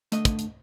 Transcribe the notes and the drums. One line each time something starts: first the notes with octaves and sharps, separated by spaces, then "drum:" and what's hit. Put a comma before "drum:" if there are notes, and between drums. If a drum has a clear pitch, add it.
D3 A3 D#5, drum: hi-hat
drum: kick, hi-hat
drum: hi-hat